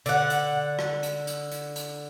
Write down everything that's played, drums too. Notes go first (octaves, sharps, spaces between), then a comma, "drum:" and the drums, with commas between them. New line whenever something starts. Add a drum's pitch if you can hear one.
D3 F#5, drum: hi-hat
drum: hi-hat
drum: rim click
drum: hi-hat
drum: hi-hat
drum: hi-hat
drum: hi-hat